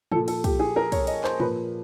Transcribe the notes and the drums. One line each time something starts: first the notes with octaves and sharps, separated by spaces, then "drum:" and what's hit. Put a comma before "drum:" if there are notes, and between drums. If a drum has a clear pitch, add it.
A#2 F3 A4, drum: tom C3
A4, drum: cymbal
G4, drum: kick, cymbal
G#4
A#4
C#5, drum: kick, cymbal
D#5, drum: cymbal
C5, drum: clap
A#2 F3 B4, drum: tom G#2